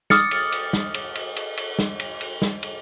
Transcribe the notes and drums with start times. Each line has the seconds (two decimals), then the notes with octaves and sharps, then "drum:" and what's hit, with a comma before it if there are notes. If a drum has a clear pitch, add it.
0.10 D6 D#6 F6 A6 C#7, drum: snare
0.31 drum: cymbal
0.52 drum: cymbal
0.73 drum: snare
0.94 drum: cymbal
1.15 drum: cymbal
1.36 drum: cymbal
1.58 drum: cymbal
1.79 drum: snare
2.00 drum: cymbal
2.21 drum: cymbal
2.42 drum: snare
2.63 drum: cymbal